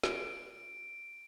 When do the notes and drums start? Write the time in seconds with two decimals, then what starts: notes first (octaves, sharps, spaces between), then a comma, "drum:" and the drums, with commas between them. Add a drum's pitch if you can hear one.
0.04 D7, drum: snare